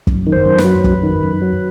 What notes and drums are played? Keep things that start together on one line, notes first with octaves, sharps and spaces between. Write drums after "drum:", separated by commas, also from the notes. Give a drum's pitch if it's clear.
F#2, drum: kick
D#3
C5
F#2
B4, drum: snare
F#3
F#2, drum: kick
D#3
F#2
F#3